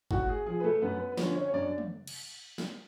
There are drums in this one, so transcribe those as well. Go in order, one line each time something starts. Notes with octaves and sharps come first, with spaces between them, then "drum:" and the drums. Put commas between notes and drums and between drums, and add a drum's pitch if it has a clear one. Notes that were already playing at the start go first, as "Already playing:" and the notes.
A2 F#4, drum: kick G1
G#4
F3 G#4
B4
A3 A4
F#2 B3 B4
B3 B4
B4
D3 F3 C#4 C#5, drum: snare
C#4 C#5
C#5
F#2 D4 D5
drum: tom
drum: cymbal
drum: snare